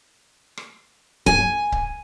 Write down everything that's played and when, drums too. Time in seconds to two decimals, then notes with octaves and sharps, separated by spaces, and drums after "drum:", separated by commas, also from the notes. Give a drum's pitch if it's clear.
0.57 drum: rim click
1.26 G#5, drum: kick C#1
1.72 drum: kick C#1